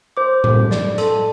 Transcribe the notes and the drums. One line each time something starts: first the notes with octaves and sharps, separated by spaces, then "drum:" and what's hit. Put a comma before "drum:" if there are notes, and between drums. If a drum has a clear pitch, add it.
C5 D6
D6, drum: tom A2
D5, drum: snare
A4 C6, drum: hi-hat